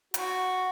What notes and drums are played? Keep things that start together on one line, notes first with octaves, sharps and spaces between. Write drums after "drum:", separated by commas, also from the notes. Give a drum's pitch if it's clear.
F#4, drum: hi-hat